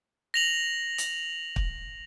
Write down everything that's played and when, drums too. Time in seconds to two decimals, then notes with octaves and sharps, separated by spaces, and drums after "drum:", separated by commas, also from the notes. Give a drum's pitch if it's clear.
0.34 A#6 F7 F#7
0.98 drum: hi-hat
1.56 drum: kick